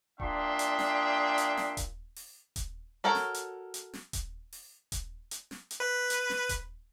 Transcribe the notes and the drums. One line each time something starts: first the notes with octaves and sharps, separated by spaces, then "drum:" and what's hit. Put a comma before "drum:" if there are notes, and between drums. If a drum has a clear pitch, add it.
A#2 D4 G#4 E5 G5 C6, drum: kick D#1
drum: hi-hat
drum: snare
drum: hi-hat
drum: snare
drum: kick D#1, hi-hat
drum: open hi-hat
drum: kick D#1, hi-hat
F#4 A4 A#4 C#5 A#5
drum: snare
drum: hi-hat
drum: hi-hat
drum: snare
drum: kick D#1, hi-hat
drum: open hi-hat
drum: kick D#1, hi-hat
drum: hi-hat
drum: snare
drum: hi-hat
B4
drum: hi-hat
drum: snare
drum: kick D#1, hi-hat